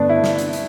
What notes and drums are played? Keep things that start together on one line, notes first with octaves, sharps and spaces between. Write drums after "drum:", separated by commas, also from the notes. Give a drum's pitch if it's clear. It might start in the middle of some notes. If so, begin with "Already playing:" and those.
Already playing: G2 D3 G3 A3 B3 D4
E4
drum: snare
drum: hi-hat
drum: hi-hat